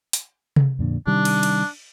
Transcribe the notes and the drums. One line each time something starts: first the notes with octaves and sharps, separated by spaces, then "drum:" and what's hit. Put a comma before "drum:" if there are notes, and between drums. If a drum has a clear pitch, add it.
drum: hi-hat
drum: tom C3
F2 A#2 D3
C3 D#3 G3 D4
drum: cymbal
drum: cymbal